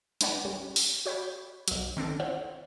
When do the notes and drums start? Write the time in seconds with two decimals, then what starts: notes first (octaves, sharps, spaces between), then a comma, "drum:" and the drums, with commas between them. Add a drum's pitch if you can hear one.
0.21 G#3 D4 B4 C#5 D5 F#5, drum: hi-hat
0.45 G3 C#4
0.76 drum: open hi-hat
1.06 F#4 C#5 G5 B5
1.68 B1 F#3, drum: hi-hat
1.97 D#3 C4 D4 A4
2.20 E4 C5 C#5 F#5